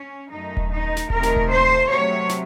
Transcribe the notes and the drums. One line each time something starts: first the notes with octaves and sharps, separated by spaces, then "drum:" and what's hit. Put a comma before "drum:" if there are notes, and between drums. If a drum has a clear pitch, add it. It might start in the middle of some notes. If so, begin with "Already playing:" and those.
Already playing: C#4
F#2 D#3 A3 D#4
drum: kick D#1
D#4
drum: snare
C3 D#3 A3 A#4, drum: kick D#1
drum: snare
drum: kick D#1
C5
C3 F#3 A3 C#5
drum: snare